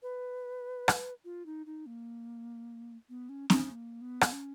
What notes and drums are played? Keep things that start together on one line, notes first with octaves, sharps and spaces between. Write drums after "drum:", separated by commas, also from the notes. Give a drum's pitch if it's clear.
B4
drum: rim click
F4
D#4
D#4
A#3
B3
C#4
C#4, drum: snare C4
A#3
B3
drum: rim click
C#4